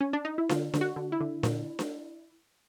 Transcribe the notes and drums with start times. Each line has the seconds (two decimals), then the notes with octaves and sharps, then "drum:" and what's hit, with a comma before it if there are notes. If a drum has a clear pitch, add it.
0.00 C#4
0.13 D4
0.25 D#4
0.38 E4
0.49 D3 F4, drum: snare D4
0.74 D3, drum: snare D4
0.81 F#4
0.96 D3
1.12 E4
1.20 D3
1.43 A#2, drum: snare D4
1.79 drum: snare D4